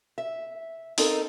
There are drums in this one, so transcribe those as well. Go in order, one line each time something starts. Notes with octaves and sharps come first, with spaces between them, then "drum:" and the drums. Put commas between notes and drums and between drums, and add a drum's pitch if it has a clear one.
E5
C4 D#4 A4 A#4, drum: open hi-hat